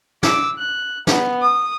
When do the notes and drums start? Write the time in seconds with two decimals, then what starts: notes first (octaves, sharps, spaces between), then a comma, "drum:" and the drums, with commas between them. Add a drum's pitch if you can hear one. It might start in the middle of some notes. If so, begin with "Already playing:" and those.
0.23 D6 E6, drum: snare
0.58 F#6
1.07 B3, drum: snare
1.42 D#6